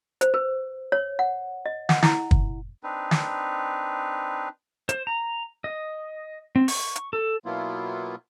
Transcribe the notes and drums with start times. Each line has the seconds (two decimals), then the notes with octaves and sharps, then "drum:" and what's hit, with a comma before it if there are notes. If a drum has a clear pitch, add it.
0.21 C5, drum: hi-hat
0.34 B4
0.92 C#5
1.19 F#5
1.66 D#5
1.89 F#5, drum: snare
2.03 E4, drum: snare
2.31 drum: kick
2.83 C4 D4 D#4 B4
3.11 drum: snare
4.89 C5, drum: hi-hat
5.07 A#5
5.64 D#5
6.56 C4
6.68 C#6, drum: open hi-hat
6.96 drum: hi-hat
7.13 A4
7.45 B2 F#3 A#3 B3 E4 F4